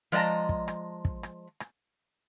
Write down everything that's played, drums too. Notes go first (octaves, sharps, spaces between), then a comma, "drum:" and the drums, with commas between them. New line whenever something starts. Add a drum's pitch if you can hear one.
F3 G#3 D5 D#5 A5 A#5
drum: kick
drum: rim click
drum: kick
drum: rim click
drum: rim click